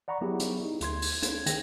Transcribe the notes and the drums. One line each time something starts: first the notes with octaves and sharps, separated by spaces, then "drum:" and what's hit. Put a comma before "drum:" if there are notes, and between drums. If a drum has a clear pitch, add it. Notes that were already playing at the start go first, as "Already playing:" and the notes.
D5 F#5 A#5 B5 C#6
F#3 B3 E4 G4 G#4
drum: hi-hat
D#4
D2 C6 G#6, drum: hi-hat
drum: open hi-hat
G#6, drum: hi-hat
D#3 G#4 G5 A#6, drum: hi-hat